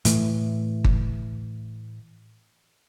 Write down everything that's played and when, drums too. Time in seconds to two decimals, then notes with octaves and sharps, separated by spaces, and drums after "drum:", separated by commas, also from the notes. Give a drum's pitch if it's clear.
0.05 A2 E3 A3, drum: hi-hat
0.84 drum: kick G1